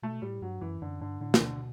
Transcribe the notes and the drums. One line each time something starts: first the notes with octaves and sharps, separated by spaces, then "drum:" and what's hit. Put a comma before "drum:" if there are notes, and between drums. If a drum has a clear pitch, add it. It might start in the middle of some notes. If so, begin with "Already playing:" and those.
B2 A3
A2 G3
G2 F#3
F#2 E3
F#2 D3
G2 D3
A2 D3
E3, drum: snare
B2 D3